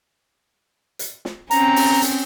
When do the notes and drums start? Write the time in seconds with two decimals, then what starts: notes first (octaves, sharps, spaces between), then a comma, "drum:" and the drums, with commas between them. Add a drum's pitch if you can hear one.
0.99 drum: hi-hat
1.25 drum: snare
1.51 C4 C#4 A#5, drum: hi-hat
1.76 drum: open hi-hat
2.02 drum: hi-hat